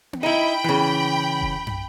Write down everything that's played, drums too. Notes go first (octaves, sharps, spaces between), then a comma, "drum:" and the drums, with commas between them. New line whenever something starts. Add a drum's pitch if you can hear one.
drum: tom B3
D#4 E4 G5 B5
C#3 E3
drum: kick F1
drum: tom